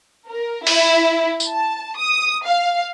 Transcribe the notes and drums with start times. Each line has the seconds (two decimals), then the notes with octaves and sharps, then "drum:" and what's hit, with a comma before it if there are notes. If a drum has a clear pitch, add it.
0.29 A#4
0.67 E4, drum: open hi-hat
1.40 drum: tambourine
1.49 A5
1.97 D#6
2.47 F5